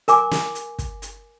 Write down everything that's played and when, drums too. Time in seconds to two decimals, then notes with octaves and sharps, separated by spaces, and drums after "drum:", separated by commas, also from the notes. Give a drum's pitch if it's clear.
0.08 A#4 G#5 D6, drum: hi-hat
0.31 drum: snare
0.55 drum: hi-hat
0.79 drum: kick, hi-hat
1.02 drum: hi-hat